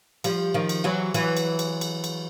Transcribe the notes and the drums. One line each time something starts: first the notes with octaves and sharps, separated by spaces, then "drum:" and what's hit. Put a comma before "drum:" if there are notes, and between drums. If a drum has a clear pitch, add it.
F3 G3, drum: cymbal
D#3 F3
drum: cymbal
E3 F#3
E3 F#3, drum: cymbal
drum: cymbal
drum: cymbal
drum: cymbal
drum: cymbal